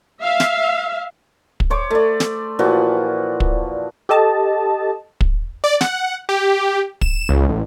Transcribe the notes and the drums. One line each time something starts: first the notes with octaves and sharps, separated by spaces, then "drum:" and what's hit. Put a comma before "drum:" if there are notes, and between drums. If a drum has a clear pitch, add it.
E5 F5
drum: snare
drum: kick
C5 C#5 D6
A3 D5
drum: snare
A#2 E3 F3 F#4
drum: kick
G4 A4 D#5 A5
drum: kick
D5
F#5, drum: snare
G4
E7, drum: kick
C#2
A1